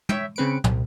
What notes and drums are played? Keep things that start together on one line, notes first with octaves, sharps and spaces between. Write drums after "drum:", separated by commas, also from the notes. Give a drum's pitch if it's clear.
C#5 E5 G5, drum: tom
C#3 C4 B4 C#7 D7
C2, drum: tom